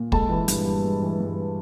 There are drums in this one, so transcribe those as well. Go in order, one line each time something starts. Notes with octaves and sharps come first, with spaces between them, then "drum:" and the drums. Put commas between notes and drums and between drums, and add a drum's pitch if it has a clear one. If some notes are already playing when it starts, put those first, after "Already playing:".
Already playing: A#2
G#3 A4 A5, drum: kick
E3
G2, drum: hi-hat
G2
G#3
E3
G2